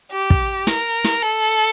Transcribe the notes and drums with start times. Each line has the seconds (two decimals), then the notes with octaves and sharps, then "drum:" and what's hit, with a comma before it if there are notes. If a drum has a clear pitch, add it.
0.12 G4
0.30 drum: kick
0.67 A#4, drum: snare
1.04 drum: snare
1.22 A4